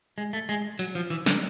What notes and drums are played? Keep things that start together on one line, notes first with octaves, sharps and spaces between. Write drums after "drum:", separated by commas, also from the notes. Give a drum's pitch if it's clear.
G#3
A3
G#3
F#3, drum: cymbal
F3
E3
D3, drum: snare